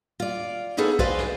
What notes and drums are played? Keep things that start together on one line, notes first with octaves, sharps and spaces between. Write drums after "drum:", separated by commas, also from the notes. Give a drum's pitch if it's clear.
F4 D5
B3 C#4 D#4 G#4 A4 B4
B4 C5 D5 D#5 F5 G#5, drum: kick B1
drum: snare